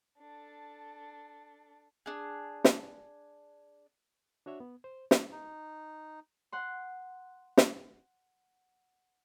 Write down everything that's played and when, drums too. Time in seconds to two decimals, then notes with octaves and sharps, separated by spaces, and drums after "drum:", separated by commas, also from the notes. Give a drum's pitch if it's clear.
0.19 D4 A4
2.06 D4 G#4
2.64 drum: snare
4.46 D4 F#4 C#5 E5
4.60 B3
4.84 C5
5.11 drum: snare
5.31 D#4
6.52 F#5 C6
7.57 drum: snare